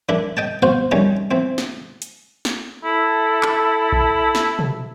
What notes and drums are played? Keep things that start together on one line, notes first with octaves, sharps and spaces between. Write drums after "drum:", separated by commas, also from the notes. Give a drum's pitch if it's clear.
E3 D4 E4 A#4
D#5 G5 A5
B3 F#4 C5 F5
D#3 E3 G3 C#4 D#4
E3 C4
drum: snare
drum: hi-hat
drum: snare
E4 A4
drum: clap
drum: kick A#1
drum: snare
drum: tom B2